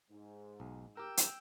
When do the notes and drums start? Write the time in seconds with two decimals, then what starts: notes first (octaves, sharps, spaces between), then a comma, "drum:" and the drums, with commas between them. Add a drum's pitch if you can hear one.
0.11 G#2
0.60 B1
0.97 G4 A#4 G5 E6
1.17 drum: hi-hat